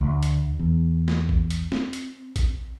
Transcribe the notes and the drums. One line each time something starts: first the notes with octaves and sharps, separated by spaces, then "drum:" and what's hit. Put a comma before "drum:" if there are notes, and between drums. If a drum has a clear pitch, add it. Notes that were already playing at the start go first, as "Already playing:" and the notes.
D2
drum: hi-hat
E2
drum: snare
drum: kick A1
drum: hi-hat
C4, drum: snare
drum: hi-hat
drum: kick A1, hi-hat